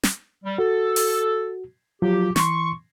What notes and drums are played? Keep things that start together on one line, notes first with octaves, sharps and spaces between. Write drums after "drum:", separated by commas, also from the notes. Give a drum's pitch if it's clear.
drum: snare
G3
F#4 A4
drum: open hi-hat
F3 F#3 F4 G4
E3 C6 C#6, drum: snare